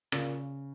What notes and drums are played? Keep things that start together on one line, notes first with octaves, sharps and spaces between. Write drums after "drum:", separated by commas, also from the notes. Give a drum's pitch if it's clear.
A#2 C#3, drum: rim click